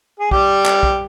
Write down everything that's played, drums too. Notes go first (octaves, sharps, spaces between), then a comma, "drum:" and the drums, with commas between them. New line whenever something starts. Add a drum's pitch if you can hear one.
G#4
G3 G4, drum: kick
drum: clap
drum: kick